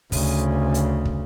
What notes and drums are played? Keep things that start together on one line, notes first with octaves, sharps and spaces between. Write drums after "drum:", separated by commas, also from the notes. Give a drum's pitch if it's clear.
D2 C#3, drum: kick, open hi-hat
drum: hi-hat
drum: kick